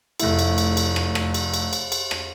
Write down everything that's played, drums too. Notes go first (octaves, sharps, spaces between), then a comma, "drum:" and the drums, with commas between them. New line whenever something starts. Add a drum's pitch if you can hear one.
F1 A3 E4, drum: cymbal
drum: cymbal
drum: cymbal
drum: cymbal
drum: rim click
drum: rim click
drum: cymbal
drum: cymbal
drum: cymbal
drum: cymbal
drum: rim click